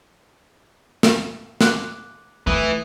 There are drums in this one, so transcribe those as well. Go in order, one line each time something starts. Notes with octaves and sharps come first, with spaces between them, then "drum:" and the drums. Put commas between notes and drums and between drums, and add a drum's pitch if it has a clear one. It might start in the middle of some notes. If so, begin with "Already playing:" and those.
drum: snare
D6 F#6, drum: snare
E3 A3 D#6